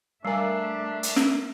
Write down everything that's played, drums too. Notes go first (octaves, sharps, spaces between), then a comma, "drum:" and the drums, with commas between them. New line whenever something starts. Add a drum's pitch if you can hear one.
G3 A3 D4 A#4 E5 G#5 A#5 C7
drum: hi-hat
drum: snare